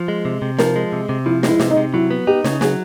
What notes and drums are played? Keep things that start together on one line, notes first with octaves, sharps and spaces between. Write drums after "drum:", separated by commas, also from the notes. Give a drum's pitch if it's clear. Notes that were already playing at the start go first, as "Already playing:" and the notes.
Already playing: F3
G#3
C3
C3
F3 A#4, drum: snare
G#3
C3
C3
F3 E4
G#3, drum: snare
E4
C3, drum: snare
D#4
C3
F#3 E4
B3
D#4 G4
C#3, drum: snare
F#3 G#4, drum: snare